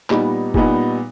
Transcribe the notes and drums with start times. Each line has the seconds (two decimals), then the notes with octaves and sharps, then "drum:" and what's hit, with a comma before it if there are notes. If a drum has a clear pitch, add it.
0.10 A#2 G3 B3 D#4, drum: clap
0.54 A#2 G3 B3 D#4, drum: kick F1